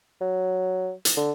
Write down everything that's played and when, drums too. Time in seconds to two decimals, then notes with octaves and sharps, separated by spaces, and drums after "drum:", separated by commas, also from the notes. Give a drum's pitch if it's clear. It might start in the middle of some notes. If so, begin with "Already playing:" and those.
0.21 F#3
1.05 drum: hi-hat
1.17 D3